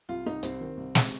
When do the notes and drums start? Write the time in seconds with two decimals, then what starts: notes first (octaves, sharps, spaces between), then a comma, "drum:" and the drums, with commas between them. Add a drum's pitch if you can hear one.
0.09 C2 F4
0.26 C2 D#4
0.43 C2 C4, drum: hi-hat
0.61 D#3
0.77 C2
0.95 C3, drum: snare